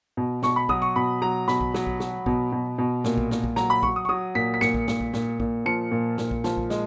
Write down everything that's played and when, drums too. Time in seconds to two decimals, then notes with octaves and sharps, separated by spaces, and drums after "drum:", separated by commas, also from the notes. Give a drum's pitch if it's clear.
0.17 B2
0.42 B2 C#6, drum: snare
0.56 B5
0.69 F#3 D#6, drum: kick A#1
0.82 C#6
0.96 B2 B5
1.22 F#3 A#5
1.48 B2 B5, drum: snare
1.61 drum: kick A#1
1.74 F#3, drum: snare
1.87 drum: kick A#1
2.00 F#3, drum: snare
2.26 B2, drum: kick A#1
2.52 B2
2.78 B2
3.04 A#2, drum: snare
3.18 drum: kick A#1
3.31 A#2, drum: snare
3.44 drum: kick A#1
3.56 F#3 A#5, drum: snare
3.70 B5
3.83 F#3 C#6, drum: kick A#1
3.96 D#6
4.05 C#6
4.09 F#3 D#6
4.35 A#2 B6
4.54 B6
4.61 A#2 C#7, drum: snare
4.74 drum: kick A#1
4.88 A#2, drum: snare
5.00 drum: kick A#1
5.13 A#2, drum: snare
5.40 A#2, drum: kick A#1
5.66 F3 C#7
5.91 A#2
6.18 A#2, drum: snare
6.31 drum: kick A#1
6.44 F3, drum: snare
6.57 drum: kick A#1
6.70 G#3, drum: snare